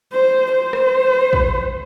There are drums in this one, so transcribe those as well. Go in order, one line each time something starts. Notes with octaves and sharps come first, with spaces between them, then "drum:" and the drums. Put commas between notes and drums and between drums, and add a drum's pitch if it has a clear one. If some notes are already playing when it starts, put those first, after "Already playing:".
C5
C5
drum: rim click
drum: kick